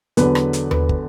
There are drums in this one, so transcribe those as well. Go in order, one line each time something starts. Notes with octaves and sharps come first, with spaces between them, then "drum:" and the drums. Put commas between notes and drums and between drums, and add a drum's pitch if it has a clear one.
E2 D3 F#3 B4, drum: hi-hat
drum: rim click
drum: hi-hat
B4, drum: tom D#2
drum: kick